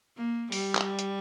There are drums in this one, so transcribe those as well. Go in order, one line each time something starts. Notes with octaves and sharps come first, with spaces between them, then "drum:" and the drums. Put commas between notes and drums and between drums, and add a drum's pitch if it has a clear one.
A#3
G3, drum: open hi-hat
drum: clap
drum: hi-hat